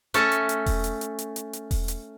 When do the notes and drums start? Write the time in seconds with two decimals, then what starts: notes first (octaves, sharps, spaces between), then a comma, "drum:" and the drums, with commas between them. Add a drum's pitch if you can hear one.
0.14 A3 C#4 A4, drum: hi-hat
0.32 drum: hi-hat
0.49 drum: hi-hat
0.66 drum: kick E1, open hi-hat
0.84 drum: hi-hat
1.01 drum: hi-hat
1.19 drum: hi-hat
1.36 drum: hi-hat
1.53 drum: hi-hat
1.71 drum: kick E1, open hi-hat
1.88 drum: hi-hat